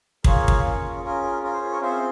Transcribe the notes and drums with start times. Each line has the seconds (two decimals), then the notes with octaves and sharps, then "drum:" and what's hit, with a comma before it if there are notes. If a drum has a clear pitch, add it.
0.24 A#3 F4 G#4 A#4 C#5, drum: kick
0.48 drum: kick
0.64 C#4 F4 G#4
1.03 C#4 F4 G#4 A#4
1.23 A#4
1.43 C#4 F4 G#4 A#4
1.53 C5
1.72 A#4 C#5
1.82 C4 F4 G#4 C5 E5